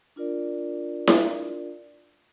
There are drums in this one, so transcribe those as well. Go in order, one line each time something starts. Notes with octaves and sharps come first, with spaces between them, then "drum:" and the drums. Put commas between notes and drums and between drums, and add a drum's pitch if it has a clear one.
D4 F4 A#4 D5
drum: snare E4